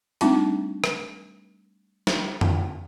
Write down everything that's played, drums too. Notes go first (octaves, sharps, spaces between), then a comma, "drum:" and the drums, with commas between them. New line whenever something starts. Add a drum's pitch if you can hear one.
G3 A3 C4 D4 D#4 F4, drum: hi-hat
drum: rim click
drum: snare
drum: tom F2